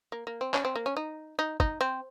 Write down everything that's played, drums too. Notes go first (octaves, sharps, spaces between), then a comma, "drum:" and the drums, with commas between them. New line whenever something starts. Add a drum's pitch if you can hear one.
A#3
A#3
C4
C#4, drum: clap
C4
A#3
C#4
D#4
D#4
D#4, drum: kick
C4